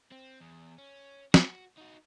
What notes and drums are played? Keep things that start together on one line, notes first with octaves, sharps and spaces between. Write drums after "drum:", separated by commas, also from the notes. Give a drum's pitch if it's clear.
C4
E2
C#4
F#4, drum: snare
D#4 F#4